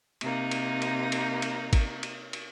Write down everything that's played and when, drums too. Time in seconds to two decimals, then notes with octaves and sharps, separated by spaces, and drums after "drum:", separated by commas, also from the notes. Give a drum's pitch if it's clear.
0.21 C3 A#3 D#4, drum: cymbal
0.51 drum: cymbal
0.82 drum: cymbal
1.12 drum: cymbal
1.42 drum: cymbal
1.73 drum: kick G#1, cymbal
2.03 drum: cymbal
2.33 drum: cymbal